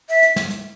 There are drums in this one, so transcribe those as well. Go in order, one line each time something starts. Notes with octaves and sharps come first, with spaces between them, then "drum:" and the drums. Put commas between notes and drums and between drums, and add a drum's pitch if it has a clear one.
E5, drum: open hi-hat
drum: hi-hat
drum: snare
drum: hi-hat